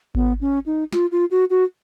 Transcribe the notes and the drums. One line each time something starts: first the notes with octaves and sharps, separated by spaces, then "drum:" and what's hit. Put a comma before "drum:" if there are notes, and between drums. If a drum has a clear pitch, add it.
B3, drum: kick G#1
C#4
D#4
F4, drum: snare
F4
F#4
F#4